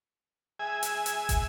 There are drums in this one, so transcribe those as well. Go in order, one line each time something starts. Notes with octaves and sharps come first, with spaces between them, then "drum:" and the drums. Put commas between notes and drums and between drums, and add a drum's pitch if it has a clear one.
G#4 E5 G#5
drum: hi-hat
drum: hi-hat
drum: kick, hi-hat